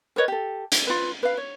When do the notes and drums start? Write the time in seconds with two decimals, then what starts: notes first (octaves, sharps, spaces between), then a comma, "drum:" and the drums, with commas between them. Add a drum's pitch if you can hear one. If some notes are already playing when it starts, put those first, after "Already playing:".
0.16 A#4 B4 C#5 D#5
0.28 G4 A4
0.72 drum: hi-hat
0.87 F4 B4
1.23 B4 F5
1.37 C#5